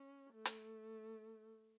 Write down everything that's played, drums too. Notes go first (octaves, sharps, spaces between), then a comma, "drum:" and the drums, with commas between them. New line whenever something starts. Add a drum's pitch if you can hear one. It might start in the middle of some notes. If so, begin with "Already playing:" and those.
Already playing: C#4
A3
drum: hi-hat